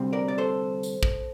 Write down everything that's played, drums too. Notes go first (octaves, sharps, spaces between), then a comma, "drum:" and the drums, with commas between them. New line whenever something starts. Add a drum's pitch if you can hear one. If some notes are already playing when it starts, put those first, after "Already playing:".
Already playing: D2 C3 G3 C4
A#4 D5
D5
A4 C5
drum: tambourine
drum: kick